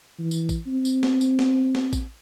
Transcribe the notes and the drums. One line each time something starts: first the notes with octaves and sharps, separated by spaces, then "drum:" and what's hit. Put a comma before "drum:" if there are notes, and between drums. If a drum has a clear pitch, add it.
E3
drum: tambourine
drum: kick A1, tambourine
C4
drum: tambourine
drum: snare
drum: tambourine
drum: snare
drum: snare
drum: kick A1, tambourine